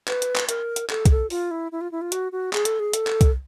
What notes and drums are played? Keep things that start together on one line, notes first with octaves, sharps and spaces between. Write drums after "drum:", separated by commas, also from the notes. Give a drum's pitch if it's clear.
B4, drum: clap
drum: hi-hat
drum: clap
A#4, drum: hi-hat
drum: hi-hat
A4, drum: clap
G#4, drum: kick, hi-hat
A4
F4, drum: open hi-hat
E4
E4
F4
E4
F4
F#4, drum: hi-hat
F#4
G#4, drum: clap
A4, drum: hi-hat
G#4
A4, drum: hi-hat
drum: clap
drum: kick, hi-hat